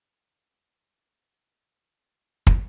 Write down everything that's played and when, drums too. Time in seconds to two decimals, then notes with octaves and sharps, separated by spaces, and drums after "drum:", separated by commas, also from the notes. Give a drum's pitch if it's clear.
0.89 F4 D#5
2.47 drum: kick